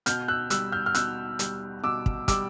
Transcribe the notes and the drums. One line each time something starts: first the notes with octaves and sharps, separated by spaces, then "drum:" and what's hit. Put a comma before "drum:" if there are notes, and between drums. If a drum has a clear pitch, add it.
B2 F6 G6, drum: hi-hat
E6 F#6
G3 E6 F#6, drum: hi-hat
F6 G6
F6
B2 E6 F#6, drum: hi-hat
G3, drum: hi-hat
B2 D6 E6
drum: kick
G3 D6 E6, drum: kick, hi-hat